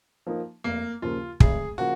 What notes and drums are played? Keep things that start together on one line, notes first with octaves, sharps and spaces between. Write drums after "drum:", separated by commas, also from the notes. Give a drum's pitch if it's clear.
F3 A#3 D#4
F1 A#3
D#2 C#3 F3 A#3 F4
F1 G#4, drum: kick
C#3 F3 A#3 F#4